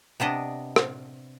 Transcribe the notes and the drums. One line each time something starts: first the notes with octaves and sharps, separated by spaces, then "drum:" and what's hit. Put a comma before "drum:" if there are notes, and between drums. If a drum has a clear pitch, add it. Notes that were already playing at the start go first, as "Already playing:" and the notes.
C3 B3 D4 D#5
drum: rim click